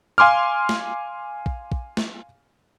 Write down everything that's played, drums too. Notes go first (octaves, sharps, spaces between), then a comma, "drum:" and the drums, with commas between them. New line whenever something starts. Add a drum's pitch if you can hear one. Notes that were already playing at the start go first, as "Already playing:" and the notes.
F5 G#5 C6 D6 F6
drum: snare
drum: kick
drum: kick
drum: snare